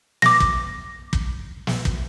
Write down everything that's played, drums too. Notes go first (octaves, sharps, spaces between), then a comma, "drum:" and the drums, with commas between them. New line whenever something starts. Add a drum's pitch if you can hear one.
D6 A#6, drum: snare
drum: kick
drum: kick
drum: snare
drum: kick